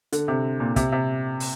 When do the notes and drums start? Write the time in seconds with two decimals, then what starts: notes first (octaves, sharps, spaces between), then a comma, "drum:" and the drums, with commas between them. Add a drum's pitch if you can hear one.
0.12 D3, drum: hi-hat
0.28 C3
0.60 A#2
0.76 C3, drum: kick, hi-hat
0.92 C3
1.40 drum: open hi-hat